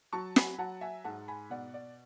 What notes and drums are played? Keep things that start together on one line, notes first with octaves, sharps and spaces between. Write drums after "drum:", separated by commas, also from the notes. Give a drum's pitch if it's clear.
F#3 A5 C#6
G#5 B5, drum: snare
F#3 F#5 A5
E5 G#5
G#2 F#5 A5
G#5 B5
B2 D5 F#5
D5